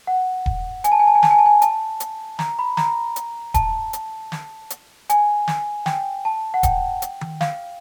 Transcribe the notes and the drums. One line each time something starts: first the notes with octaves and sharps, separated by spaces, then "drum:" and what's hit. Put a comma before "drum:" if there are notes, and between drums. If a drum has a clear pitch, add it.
F#5
drum: kick D#1
G#5, drum: hi-hat
A5
G#5
A5
G#5
A5, drum: snare
G#5
A5
G#5
A5, drum: hi-hat
drum: hi-hat
A#5, drum: snare
B5
A#5, drum: snare
drum: hi-hat
A5, drum: kick D#1, hi-hat
drum: hi-hat
drum: snare
drum: hi-hat
G#5, drum: hi-hat
drum: snare
G5, drum: snare
A5
F#5
G5, drum: kick D#1, hi-hat
drum: hi-hat
drum: tom D#3
F5, drum: snare